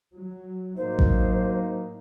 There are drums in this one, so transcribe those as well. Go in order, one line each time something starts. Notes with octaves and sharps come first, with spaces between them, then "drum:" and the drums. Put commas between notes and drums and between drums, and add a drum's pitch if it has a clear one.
F#3
A2 F#3 A#3 D#4 C5
drum: kick A1